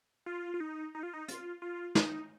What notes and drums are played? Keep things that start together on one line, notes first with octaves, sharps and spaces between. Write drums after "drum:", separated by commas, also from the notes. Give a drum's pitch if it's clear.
F4
F4
D#4
D#4
F4
D#4
F4, drum: hi-hat
F4
D#4, drum: snare